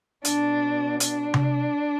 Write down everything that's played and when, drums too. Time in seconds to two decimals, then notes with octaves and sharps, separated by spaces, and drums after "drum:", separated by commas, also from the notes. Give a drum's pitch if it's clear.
0.25 B2 D4, drum: hi-hat
1.00 D4, drum: hi-hat
1.34 drum: tom C3